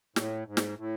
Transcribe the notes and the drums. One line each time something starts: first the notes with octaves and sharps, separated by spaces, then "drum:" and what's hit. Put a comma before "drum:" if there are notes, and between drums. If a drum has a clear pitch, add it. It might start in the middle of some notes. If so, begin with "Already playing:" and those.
A2, drum: snare
G#2
drum: snare
A2